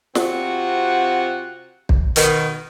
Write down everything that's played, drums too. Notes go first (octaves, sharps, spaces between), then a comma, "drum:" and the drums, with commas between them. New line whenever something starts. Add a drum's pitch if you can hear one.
C3 C4 F4 F#4 F#5, drum: snare
drum: kick
B2 D#3, drum: hi-hat